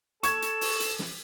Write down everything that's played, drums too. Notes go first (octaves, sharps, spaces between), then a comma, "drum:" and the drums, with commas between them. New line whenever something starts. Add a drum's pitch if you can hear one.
A4 C#6 G#6 E7, drum: hi-hat
drum: hi-hat
drum: open hi-hat
drum: hi-hat
drum: snare